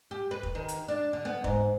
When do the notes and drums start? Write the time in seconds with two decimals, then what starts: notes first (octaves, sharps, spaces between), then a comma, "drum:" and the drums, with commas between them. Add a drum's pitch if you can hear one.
0.11 G4
0.31 B4
0.43 drum: kick F1
0.55 D#3
0.68 drum: hi-hat
0.88 D4
1.13 D3
1.25 B3
1.44 G#2, drum: kick F1